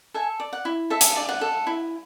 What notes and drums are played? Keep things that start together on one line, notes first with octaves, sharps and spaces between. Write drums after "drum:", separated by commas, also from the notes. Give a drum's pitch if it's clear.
A4 E5 G#5
D5
F#5
E4
A4 E5
drum: hi-hat
D5
F#5
A4
E4